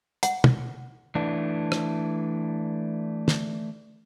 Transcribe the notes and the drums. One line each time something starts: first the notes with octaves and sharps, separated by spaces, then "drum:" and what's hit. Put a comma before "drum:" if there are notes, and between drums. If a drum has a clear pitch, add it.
F#5, drum: hi-hat
drum: tom
E3 A3 D4
drum: rim click
drum: snare